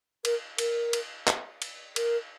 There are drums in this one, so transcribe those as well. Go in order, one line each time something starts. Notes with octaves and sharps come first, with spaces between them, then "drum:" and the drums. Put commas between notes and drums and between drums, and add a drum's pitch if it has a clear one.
A#4, drum: cymbal
A#4, drum: cymbal
drum: cymbal
drum: clap
drum: cymbal
A#4, drum: cymbal